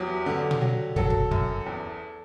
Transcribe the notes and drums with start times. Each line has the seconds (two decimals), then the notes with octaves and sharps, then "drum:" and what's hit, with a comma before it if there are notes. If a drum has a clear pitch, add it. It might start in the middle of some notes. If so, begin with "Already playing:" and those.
Already playing: E2 F#3 G4
0.26 D3
0.51 drum: tom A#2
0.61 F#3
0.96 F#3 A4, drum: kick
1.10 drum: kick
1.31 F#2, drum: kick
1.66 E2